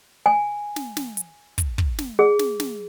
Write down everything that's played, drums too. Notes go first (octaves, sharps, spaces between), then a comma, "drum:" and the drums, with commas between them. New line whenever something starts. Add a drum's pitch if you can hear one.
G#5
drum: snare
drum: snare
drum: hi-hat
drum: kick, hi-hat
drum: kick
drum: snare
G#4
drum: snare
drum: snare